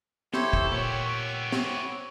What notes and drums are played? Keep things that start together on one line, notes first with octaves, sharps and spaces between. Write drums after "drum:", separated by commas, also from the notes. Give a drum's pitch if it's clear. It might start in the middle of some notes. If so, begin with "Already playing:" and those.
E4 G4 A4 C5 C#5, drum: snare
drum: kick
A#2 B3 G4 C#5 E6
C4 C#5, drum: snare